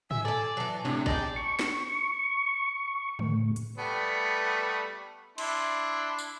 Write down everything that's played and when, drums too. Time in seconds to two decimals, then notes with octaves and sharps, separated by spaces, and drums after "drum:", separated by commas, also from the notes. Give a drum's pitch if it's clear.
0.11 E5 G#5, drum: tom G#2
0.25 A4 D5 A5
0.57 E3 F#3 A5
0.85 A2 C3 F#3 D4
1.06 D#4 G#4 D5 G5 A5, drum: kick A1
1.36 C#6
1.59 drum: snare
3.19 A2, drum: tom
3.56 drum: hi-hat
3.78 G3 A3 B3
5.38 D4 E4 C6, drum: cymbal
6.19 drum: tambourine